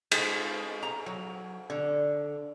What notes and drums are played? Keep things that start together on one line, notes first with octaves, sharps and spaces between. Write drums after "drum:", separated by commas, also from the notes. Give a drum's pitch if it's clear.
G#3, drum: cymbal
A#5
F#3
D3